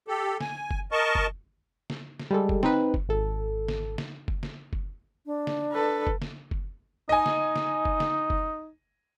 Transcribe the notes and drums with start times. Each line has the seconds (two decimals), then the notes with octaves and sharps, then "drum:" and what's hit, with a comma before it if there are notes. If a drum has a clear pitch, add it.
0.08 G4 A4
0.40 G#5, drum: snare
0.71 drum: kick F#1
0.91 A#4 D#5 A5 C#6
1.15 drum: kick F#1
1.90 drum: snare
2.20 drum: snare
2.31 G3 G#3 A4
2.49 drum: kick F#1
2.63 C4 D#4 B4, drum: snare
2.94 drum: kick F#1
3.09 G#1 A4
3.68 drum: snare
3.98 drum: snare
4.28 drum: kick F#1
4.43 drum: snare
4.73 drum: kick F#1
5.26 D4
5.47 drum: snare
5.72 A4 B4
6.07 drum: kick F#1
6.22 drum: snare
6.51 drum: kick F#1
7.09 D#4 D#5 G#5
7.26 drum: snare
7.56 drum: snare
7.85 drum: kick F#1
8.00 drum: snare
8.30 drum: kick F#1